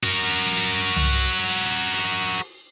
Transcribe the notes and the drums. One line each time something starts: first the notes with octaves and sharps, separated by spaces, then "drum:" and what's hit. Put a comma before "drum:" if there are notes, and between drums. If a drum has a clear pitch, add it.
F#4 A#4
drum: tom C2
drum: open hi-hat
drum: open hi-hat